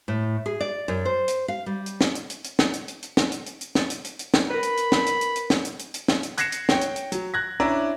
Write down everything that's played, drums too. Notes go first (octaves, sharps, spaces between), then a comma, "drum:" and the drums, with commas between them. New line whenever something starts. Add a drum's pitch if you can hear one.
A2
G#4
D5
F#2
C5
drum: hi-hat
F5
G3
drum: hi-hat
drum: snare
drum: hi-hat
drum: hi-hat
drum: hi-hat
drum: snare
drum: hi-hat
drum: hi-hat
drum: hi-hat
drum: snare
drum: hi-hat
drum: hi-hat
drum: hi-hat
drum: snare
drum: hi-hat
drum: hi-hat
drum: hi-hat
drum: snare
A#4 B4 B5
drum: hi-hat
drum: hi-hat
drum: snare
drum: hi-hat
drum: hi-hat
drum: hi-hat
drum: snare
drum: hi-hat
drum: hi-hat
drum: hi-hat
drum: snare
drum: hi-hat
F#6 G#6 A#6 C7 C#7 E7, drum: hi-hat
drum: hi-hat
C#5 G5, drum: snare
drum: hi-hat
drum: hi-hat
F#3, drum: hi-hat
F#6 G#6 A#6
C#4 D4 E4 D5 E5 A#5